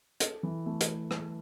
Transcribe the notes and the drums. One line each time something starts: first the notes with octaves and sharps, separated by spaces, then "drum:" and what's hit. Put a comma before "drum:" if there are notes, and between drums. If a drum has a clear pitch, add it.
A4, drum: hi-hat
E3
A3
drum: hi-hat
drum: rim click